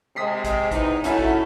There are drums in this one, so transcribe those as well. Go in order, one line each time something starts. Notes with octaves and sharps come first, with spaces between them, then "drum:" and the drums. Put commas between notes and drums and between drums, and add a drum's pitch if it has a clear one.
C3 G#3 D#6 B6 C7
drum: kick A#1, hi-hat
E2 D#4, drum: kick A#1, hi-hat
F#3 A3 C#4 E4 F#4, drum: hi-hat
drum: kick A#1